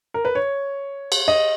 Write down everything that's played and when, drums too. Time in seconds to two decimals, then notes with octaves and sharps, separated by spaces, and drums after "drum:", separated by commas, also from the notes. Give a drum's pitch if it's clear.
0.14 A#4
0.25 B4
0.35 C#5
1.12 drum: cymbal
1.28 D#5